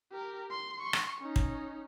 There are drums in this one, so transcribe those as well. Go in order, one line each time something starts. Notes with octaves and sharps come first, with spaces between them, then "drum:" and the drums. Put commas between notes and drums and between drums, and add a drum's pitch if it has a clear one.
G4 A#4
C6
C6 C#6
drum: rim click
C#4 D#4
drum: kick